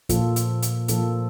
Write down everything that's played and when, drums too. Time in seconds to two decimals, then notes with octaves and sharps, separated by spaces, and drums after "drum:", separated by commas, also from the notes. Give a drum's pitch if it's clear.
0.09 A#2 F3 A#3 F4 A4, drum: kick, hi-hat
0.36 drum: hi-hat
0.62 drum: hi-hat
0.88 A#2 F3 A#3 F4 A4, drum: hi-hat